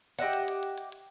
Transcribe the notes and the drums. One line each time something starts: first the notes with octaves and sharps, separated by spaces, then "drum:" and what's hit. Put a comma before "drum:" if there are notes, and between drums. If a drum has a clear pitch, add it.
G4 D#5 E5 F#5, drum: hi-hat
drum: hi-hat
drum: hi-hat
drum: hi-hat
drum: hi-hat
drum: hi-hat